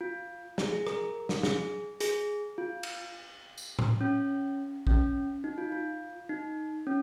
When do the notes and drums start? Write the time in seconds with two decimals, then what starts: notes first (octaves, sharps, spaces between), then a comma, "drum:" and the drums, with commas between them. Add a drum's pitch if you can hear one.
0.01 F4
0.58 G#4, drum: snare
0.72 G#4
0.87 A#4, drum: rim click
1.29 drum: snare
1.43 G#4, drum: snare
2.00 G#4, drum: hi-hat
2.58 F4
2.83 drum: cymbal
3.58 drum: tambourine
3.79 drum: tom A2
4.01 C#4
4.87 C#4, drum: kick A#1
5.44 D#4
5.58 F4
5.72 F4
6.29 D#4
6.87 C#4